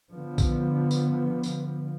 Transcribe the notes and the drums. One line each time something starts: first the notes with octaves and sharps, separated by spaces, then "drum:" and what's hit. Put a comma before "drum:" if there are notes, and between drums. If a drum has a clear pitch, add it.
D3 F3 B3
drum: kick B1, tambourine
drum: tambourine
drum: tambourine